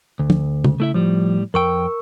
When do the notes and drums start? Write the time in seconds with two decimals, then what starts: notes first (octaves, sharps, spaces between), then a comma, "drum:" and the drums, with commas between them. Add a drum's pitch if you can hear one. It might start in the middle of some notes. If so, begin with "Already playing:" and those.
0.19 D2
0.30 drum: tom
0.64 C#3, drum: tom
0.80 A3 E4 E5
0.94 A2 F3 G3
1.54 F2 A#4 G5 C#6 E6